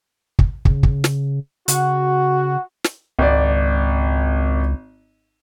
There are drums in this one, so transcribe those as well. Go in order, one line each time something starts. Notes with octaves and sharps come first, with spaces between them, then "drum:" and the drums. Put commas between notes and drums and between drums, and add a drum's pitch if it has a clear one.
drum: kick
C#3, drum: kick
drum: kick
drum: snare
C#3 F#4, drum: hi-hat
drum: snare
G#1 C#2 D5